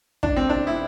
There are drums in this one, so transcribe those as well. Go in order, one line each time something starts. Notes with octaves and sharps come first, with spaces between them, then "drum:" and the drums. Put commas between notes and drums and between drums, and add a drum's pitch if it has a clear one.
D4, drum: kick
C4
D4
E4